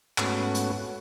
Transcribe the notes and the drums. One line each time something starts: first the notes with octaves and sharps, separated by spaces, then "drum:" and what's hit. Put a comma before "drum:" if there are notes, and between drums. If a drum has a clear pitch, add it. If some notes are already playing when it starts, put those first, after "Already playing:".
G#2 A3 B3 C#4 F#4, drum: clap
drum: hi-hat